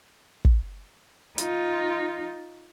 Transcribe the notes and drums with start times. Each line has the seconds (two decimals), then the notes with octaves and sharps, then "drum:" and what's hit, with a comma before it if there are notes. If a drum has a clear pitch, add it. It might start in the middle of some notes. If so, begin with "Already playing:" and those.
0.45 drum: kick
1.38 D#4 F4, drum: hi-hat